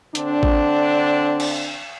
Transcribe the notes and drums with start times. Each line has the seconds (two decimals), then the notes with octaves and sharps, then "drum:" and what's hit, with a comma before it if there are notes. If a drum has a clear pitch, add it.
0.15 D3 C4 D4, drum: hi-hat
0.43 drum: kick A1
1.40 drum: cymbal